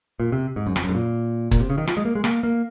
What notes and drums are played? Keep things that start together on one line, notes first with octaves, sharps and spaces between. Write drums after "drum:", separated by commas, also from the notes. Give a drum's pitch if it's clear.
A#2
C3
G#2
F#2
F2, drum: rim click
F#2
G#2
A#2
A#2, drum: kick
C3
C#3
D#3
F3, drum: rim click
G#3
A#3
G#3
A#3, drum: rim click
A#3